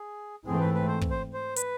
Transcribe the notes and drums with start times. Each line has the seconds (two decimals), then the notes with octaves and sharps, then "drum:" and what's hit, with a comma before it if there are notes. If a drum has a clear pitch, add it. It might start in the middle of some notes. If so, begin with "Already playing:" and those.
Already playing: G#4
0.46 G#2 E3 A3 C4 G#4
0.60 B4
0.74 B4
0.88 C5
1.01 drum: kick
1.11 C5
1.33 C5
1.56 B4, drum: hi-hat